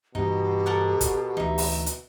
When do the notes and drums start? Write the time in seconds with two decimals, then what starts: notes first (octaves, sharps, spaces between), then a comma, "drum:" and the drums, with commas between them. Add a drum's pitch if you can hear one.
0.15 G2 B2 E3 B3 D#4 G4
0.66 A4 A#4 F#5
1.01 drum: kick, hi-hat
1.37 D2 E3 D#4 E5
1.58 drum: open hi-hat
1.86 drum: hi-hat